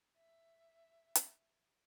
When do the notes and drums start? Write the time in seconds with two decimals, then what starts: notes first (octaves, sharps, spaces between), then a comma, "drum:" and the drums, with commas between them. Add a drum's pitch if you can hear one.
0.16 E5
1.15 drum: hi-hat